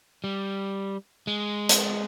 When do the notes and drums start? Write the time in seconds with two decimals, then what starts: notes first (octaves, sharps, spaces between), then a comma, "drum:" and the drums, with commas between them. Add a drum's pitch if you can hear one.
0.24 G3
1.27 G#3
1.69 drum: hi-hat